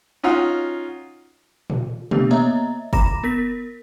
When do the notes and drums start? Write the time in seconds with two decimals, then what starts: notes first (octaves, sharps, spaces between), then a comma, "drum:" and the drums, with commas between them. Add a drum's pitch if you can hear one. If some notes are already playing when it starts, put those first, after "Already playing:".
0.24 C#4 D#4 F4 F#4
1.70 drum: tom A#2
2.11 A3 B3 C4 D4 G4, drum: tom B2
2.30 A#3 B3 C#5 D#5 E5 A#5
2.93 A#5 B5 D6 A#6 E7, drum: kick F#1
3.23 B3 A#4 A#6 B6